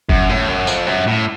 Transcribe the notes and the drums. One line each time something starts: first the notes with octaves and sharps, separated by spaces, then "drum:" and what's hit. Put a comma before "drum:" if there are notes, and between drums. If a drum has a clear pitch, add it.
F#2, drum: kick
A2
F#2
F2, drum: tambourine
F#2
A2